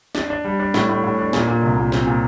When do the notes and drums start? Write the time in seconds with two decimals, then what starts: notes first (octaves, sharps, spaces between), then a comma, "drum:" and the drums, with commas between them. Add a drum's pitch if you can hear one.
0.15 D4, drum: snare
0.30 D4
0.44 G3
0.60 D4
0.74 A2, drum: snare
0.89 A2
1.04 A2
1.19 D4
1.33 A#2, drum: snare
1.48 A#2
1.63 C2
1.77 A#2
1.92 C4, drum: snare
2.07 A#2